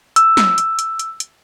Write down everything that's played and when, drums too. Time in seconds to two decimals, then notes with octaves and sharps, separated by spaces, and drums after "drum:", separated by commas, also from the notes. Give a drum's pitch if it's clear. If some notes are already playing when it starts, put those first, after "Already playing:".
0.16 E6, drum: hi-hat
0.37 drum: snare
0.58 drum: hi-hat
0.79 drum: hi-hat
0.99 drum: hi-hat
1.20 drum: hi-hat